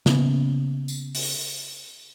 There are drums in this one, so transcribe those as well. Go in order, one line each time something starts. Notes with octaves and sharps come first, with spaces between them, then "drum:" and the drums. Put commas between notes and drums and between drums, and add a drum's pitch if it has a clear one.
C#3 A#3 B3 C#4, drum: snare
drum: tambourine
drum: open hi-hat